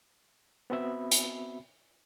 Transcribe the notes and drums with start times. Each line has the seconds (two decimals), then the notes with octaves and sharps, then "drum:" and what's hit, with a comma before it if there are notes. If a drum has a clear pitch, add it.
0.70 B3 C4 F#4 E5 B5
1.11 drum: hi-hat